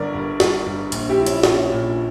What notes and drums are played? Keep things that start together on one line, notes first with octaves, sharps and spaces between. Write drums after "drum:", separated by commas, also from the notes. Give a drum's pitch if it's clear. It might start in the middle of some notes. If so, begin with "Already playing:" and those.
Already playing: G1 D3 A#4 D5
G2
G2, drum: snare
G2
A#1, drum: hi-hat
E4 G4
F3
C#4 E4, drum: hi-hat
A#1 C#4, drum: snare
A#2